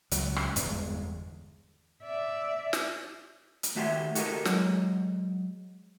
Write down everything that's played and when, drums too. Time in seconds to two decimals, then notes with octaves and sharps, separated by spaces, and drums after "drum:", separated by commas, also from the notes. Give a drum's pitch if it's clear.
0.11 C#2 F#3, drum: hi-hat
0.36 drum: rim click
0.56 G1 E2 G#3, drum: hi-hat
2.03 D5 E5
2.73 drum: snare
3.63 drum: hi-hat
3.75 D#2 A3 F#4 G4 E5 C6
4.15 F#4 G4 A4 A#4 D#5, drum: hi-hat
4.45 F#3 G#3, drum: snare